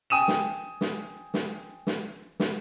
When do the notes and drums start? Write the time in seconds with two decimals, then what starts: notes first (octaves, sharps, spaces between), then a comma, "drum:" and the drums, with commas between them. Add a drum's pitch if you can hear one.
0.10 G5 G#5 D#6 D#7 E7
0.28 drum: snare
0.81 drum: snare
1.34 drum: snare
1.87 drum: snare
2.40 drum: snare